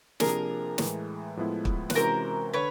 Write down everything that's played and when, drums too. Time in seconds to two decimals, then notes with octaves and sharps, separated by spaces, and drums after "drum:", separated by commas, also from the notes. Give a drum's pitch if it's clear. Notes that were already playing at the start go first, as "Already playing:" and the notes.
0.20 C3 F3 A#3 D4 G#4 A#4, drum: snare
0.78 A2 E3 G#3, drum: snare
1.37 A2 F3 G#3 B3 E4
1.65 drum: kick
1.90 B4, drum: snare
1.95 C3 E3 G#3 C#4 F#4 A#4 C5
2.53 D3 B4 C#5